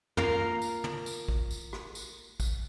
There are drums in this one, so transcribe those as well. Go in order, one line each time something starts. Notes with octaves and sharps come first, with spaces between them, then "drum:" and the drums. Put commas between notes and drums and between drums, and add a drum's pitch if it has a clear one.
A#3 F4 A#4, drum: tom
drum: tambourine
drum: tom
drum: tambourine
drum: kick A1
drum: tambourine
drum: rim click
drum: tambourine
drum: kick A1, tambourine